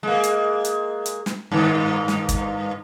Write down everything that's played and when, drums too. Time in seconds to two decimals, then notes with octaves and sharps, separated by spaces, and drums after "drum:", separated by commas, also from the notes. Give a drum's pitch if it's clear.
0.03 G#3 A#3
0.24 drum: hi-hat
0.65 drum: hi-hat
1.06 drum: hi-hat
1.26 drum: snare
1.52 G2 D#3
2.08 drum: snare
2.29 drum: kick, hi-hat